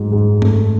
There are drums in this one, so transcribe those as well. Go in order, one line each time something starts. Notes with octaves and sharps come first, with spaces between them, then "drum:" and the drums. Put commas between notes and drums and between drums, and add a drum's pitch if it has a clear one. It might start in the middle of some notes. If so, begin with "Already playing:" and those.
Already playing: G#2 F#3 A3
G#2
A3, drum: tom F#2